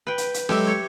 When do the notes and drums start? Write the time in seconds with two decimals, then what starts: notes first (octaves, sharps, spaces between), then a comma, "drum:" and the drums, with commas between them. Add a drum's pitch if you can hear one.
0.07 B4 G5
0.18 drum: hi-hat
0.34 drum: hi-hat
0.49 F#3 G#3 G4 A4 E5, drum: rim click
0.67 C#5